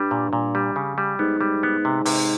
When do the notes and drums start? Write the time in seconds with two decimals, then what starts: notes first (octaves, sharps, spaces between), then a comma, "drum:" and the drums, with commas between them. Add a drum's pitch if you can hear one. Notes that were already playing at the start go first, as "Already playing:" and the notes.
Already playing: G2 G3
0.11 A#2
0.33 A#2
0.55 G3
0.76 C#3
0.98 G3
1.19 G#2 B3
1.41 G3
1.63 B3
1.85 C3
2.06 C3, drum: open hi-hat